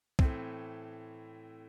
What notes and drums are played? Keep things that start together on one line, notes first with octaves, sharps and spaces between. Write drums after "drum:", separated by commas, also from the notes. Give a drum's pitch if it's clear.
A2 E3 A3 C4, drum: kick